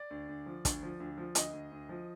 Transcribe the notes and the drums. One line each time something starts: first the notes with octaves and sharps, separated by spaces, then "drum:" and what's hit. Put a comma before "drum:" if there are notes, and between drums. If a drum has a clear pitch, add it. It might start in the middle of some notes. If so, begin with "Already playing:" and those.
Already playing: D5
D2
D2
F3
D2, drum: kick, hi-hat
F3
D2
F3
D2 D#5, drum: hi-hat
D2
D2
F3